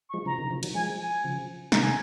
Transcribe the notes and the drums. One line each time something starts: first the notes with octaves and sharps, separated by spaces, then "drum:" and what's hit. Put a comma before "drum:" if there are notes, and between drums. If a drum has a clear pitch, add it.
C#6
F3 G#3
C#3 F3 A#5
C3 D#3
C#3 F3
D#3 F#3, drum: cymbal
F3 G#3 G#5
G#5
C#3 F3
C3 D#3 A#5, drum: snare
G#5